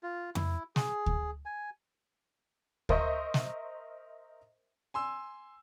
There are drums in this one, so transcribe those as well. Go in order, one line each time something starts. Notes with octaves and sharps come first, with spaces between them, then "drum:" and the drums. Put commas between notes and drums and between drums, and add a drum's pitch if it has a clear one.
F4
E4, drum: tom F2
G#4, drum: snare
drum: kick D2
G#5
A#4 C5 D#5 E5 C#6 G6, drum: kick D2
drum: snare
G#5 C6 E6